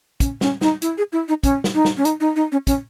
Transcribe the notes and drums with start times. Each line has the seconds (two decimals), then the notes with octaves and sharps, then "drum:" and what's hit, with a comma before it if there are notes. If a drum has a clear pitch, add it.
0.20 C#4, drum: kick, hi-hat
0.41 C#4, drum: snare
0.61 D#4, drum: snare
0.82 E4, drum: hi-hat
0.98 G#4
1.13 E4
1.29 D#4
1.43 C#4, drum: kick, hi-hat
1.64 drum: snare
1.74 D#4
1.85 drum: snare
1.97 C#4
2.05 D#4, drum: hi-hat
2.21 D#4
2.36 D#4
2.52 C#4
2.67 C#4, drum: kick, hi-hat